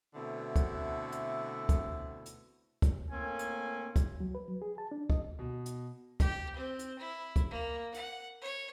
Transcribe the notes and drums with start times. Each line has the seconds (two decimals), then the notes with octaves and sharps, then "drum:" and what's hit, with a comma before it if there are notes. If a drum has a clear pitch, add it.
0.15 B2 D3 A3 C4 E4
0.56 drum: kick, hi-hat
1.12 drum: hi-hat
1.69 drum: kick, hi-hat
2.26 drum: hi-hat
2.82 drum: kick, hi-hat
3.11 A2 A#3 C4 C#4 G#5
3.39 drum: hi-hat
3.96 drum: kick, hi-hat
4.20 F#3
4.35 B4
4.48 F#3
4.62 G#4
4.78 A5
4.91 D4
5.10 D#5, drum: kick
5.39 B2
5.66 drum: hi-hat
6.20 G4, drum: kick, hi-hat
6.56 C4
6.79 drum: hi-hat
6.99 E4
7.36 drum: kick, hi-hat
7.50 A#3
7.94 F#5, drum: hi-hat
8.42 C#5